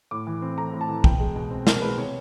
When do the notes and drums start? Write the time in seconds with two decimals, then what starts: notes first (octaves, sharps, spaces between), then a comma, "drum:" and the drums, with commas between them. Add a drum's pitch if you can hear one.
0.11 A2 D6
0.27 E3
0.42 C4
0.58 A3 A#5
0.74 A2
0.81 A5
0.89 E3
1.04 B2 G5, drum: kick
1.20 G#3
1.36 B2
1.51 C4
1.67 B2 A#4, drum: snare
1.82 G#3 B4
1.98 C3 C#5